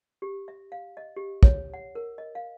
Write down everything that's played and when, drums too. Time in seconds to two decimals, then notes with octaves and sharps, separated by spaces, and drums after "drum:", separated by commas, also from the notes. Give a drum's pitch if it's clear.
0.22 G4
0.48 E5
0.72 F5
0.97 D#5
1.17 G4
1.43 C#5, drum: kick
1.74 F#5
1.95 A#4
2.18 D#5
2.35 F5